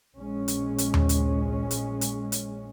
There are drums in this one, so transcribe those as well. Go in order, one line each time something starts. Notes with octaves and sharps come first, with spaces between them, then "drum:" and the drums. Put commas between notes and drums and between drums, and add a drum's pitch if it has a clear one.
A#1 G#3 C#4
drum: hi-hat
drum: hi-hat
drum: tom D#2
drum: hi-hat
drum: hi-hat
drum: hi-hat
drum: hi-hat